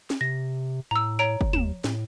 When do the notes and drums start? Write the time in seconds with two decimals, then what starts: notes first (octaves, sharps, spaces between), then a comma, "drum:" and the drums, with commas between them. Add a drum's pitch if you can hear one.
0.10 drum: snare
0.21 C3 A#6
0.91 A2 A#5 E6
1.19 C#5 A#5 D7
1.41 drum: kick F#1
1.53 D#2 E7, drum: tom
1.84 A2, drum: snare